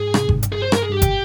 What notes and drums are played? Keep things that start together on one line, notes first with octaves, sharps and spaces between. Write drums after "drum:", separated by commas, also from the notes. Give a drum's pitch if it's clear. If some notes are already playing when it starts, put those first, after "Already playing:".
Already playing: G#2 G#4
C3, drum: rim click
G#2, drum: kick G1
G2, drum: hi-hat
G#4
C5
A#4, drum: rim click
G#4
G2 G4
drum: kick G1, hi-hat